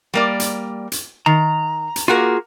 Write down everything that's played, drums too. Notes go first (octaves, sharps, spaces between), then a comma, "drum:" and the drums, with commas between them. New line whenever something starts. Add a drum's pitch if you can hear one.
G3 A#3 D5
drum: hi-hat
drum: hi-hat
D#3 A#5
drum: hi-hat
A#3 F4 F#4 G#4 A#4